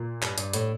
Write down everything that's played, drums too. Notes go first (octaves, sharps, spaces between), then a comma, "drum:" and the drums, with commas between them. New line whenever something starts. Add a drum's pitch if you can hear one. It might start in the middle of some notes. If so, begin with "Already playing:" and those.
Already playing: A#2
G2, drum: clap
G2, drum: hi-hat
A2, drum: hi-hat